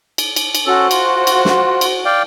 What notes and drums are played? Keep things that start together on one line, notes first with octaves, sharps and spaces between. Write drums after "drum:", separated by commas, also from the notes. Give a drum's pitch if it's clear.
drum: cymbal
drum: cymbal
drum: cymbal
C#4 F#4 A4 C5
F4, drum: cymbal
drum: cymbal
drum: snare
drum: cymbal
D5 F5 G5